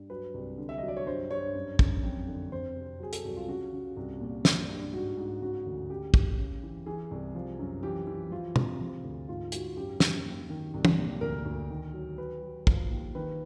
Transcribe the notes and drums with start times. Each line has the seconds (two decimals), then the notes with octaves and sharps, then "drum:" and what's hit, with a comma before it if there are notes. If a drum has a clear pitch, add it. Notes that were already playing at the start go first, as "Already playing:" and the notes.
Already playing: G2
0.10 F#3 B4
0.34 C2
0.58 D3
0.69 E5
0.78 D#5
0.83 F#3
0.88 D5
0.97 C#5
1.07 G2 C5
1.30 G2 C#5
1.54 F#2
1.79 F#2, drum: kick
2.03 F2
2.27 D3
2.51 F2 C5
2.76 C3
2.99 F#3 G#4
3.13 A4, drum: hi-hat
3.24 C2 F#4
3.36 F4
3.48 C#3 F#4
3.72 C#3
3.97 C2
4.20 A#2
4.45 G2, drum: snare
4.69 G2
4.93 G#2 F#4
5.17 G#2
5.41 C#3 F#4
5.66 D2
5.90 C#3 G4
6.14 F#2, drum: kick
6.38 C#3
6.63 E3
6.86 E3 G#4
7.11 C2
7.35 F3
7.59 F#2
7.83 E3 G4
8.07 E3
8.31 F3 F4
8.56 C3, drum: tom
8.81 F3
9.04 D2
9.28 G#2 F4
9.52 G#2 F#4, drum: hi-hat
9.76 F#2 G4
10.00 F#2, drum: snare
10.25 D#2
10.50 D#3
10.74 C2
10.85 drum: tom
10.97 A#2
11.21 D2 A#4
11.45 D2
11.70 D#3
11.94 F#3
12.18 F#3 B4
12.42 F#3
12.67 F3, drum: kick
12.90 D#2
13.15 D#3 B4